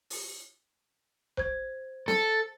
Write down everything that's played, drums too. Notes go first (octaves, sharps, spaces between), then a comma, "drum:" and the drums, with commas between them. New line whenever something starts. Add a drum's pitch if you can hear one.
drum: open hi-hat
C5 G#6, drum: kick
A4, drum: snare